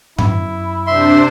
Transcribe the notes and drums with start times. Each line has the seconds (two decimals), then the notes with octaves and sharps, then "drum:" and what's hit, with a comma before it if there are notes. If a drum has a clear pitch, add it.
0.18 F#2 B3 E4, drum: tom G2
0.87 C3 D4 C5 E5 C6